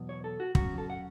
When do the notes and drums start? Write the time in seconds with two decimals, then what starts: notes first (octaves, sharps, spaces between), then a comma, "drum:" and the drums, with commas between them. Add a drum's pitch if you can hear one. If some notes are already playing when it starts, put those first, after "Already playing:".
Already playing: E2 B2 F#3
0.09 C#5
0.24 A4
0.40 F#4
0.55 F#2 F#3 C#4 F#4, drum: kick
0.78 A4
0.90 F#5